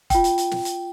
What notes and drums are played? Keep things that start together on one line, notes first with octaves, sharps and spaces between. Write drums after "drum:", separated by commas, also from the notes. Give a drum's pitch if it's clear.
F4 G5, drum: kick, hi-hat
drum: hi-hat
drum: hi-hat
drum: snare
drum: hi-hat